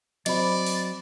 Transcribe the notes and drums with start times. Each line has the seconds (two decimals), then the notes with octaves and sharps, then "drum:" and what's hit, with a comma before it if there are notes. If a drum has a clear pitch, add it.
0.26 F#3 C4 D5 D#5 B5, drum: cymbal
0.67 drum: open hi-hat